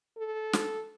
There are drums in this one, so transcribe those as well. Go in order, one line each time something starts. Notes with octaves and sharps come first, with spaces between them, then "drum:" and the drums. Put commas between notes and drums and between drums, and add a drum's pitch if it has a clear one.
A4
drum: snare